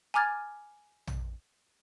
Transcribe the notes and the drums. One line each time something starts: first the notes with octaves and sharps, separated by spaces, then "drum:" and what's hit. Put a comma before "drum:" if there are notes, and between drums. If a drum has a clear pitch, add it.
G#5 A#5 D6 F6 G#6 A6
drum: tom A#1